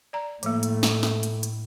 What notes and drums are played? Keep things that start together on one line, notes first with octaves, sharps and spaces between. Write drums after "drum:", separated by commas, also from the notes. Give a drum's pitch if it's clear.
D5 A#5
A2 F3 A3 A#3, drum: hi-hat
drum: hi-hat
drum: snare
drum: snare
drum: hi-hat
drum: hi-hat